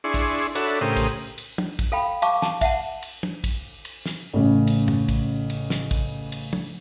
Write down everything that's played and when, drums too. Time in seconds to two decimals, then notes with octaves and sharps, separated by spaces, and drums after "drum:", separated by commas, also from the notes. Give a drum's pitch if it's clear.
0.04 D4 E4 G#4 C6 C#6
0.14 drum: kick, cymbal
0.55 D4 F#4 A4 C#5 E5 B5, drum: cymbal
0.81 A2 C#3 G4 A#4 C5 D#6
0.97 drum: kick, cymbal
1.38 drum: cymbal
1.58 drum: tom
1.79 drum: kick, cymbal
1.92 A4 F5 G5 B5
2.22 F5 A5 C#6 D6, drum: cymbal
2.42 A5, drum: snare
2.61 E5 F#5 A5, drum: kick, cymbal
3.03 drum: cymbal
3.23 drum: tom
3.44 drum: kick, cymbal
3.85 drum: cymbal
4.06 drum: snare
4.33 A1 C#3
4.67 drum: cymbal
4.88 drum: tom
5.09 drum: kick, cymbal
5.50 drum: cymbal
5.70 drum: snare
5.91 drum: kick, cymbal
6.32 drum: cymbal
6.53 drum: tom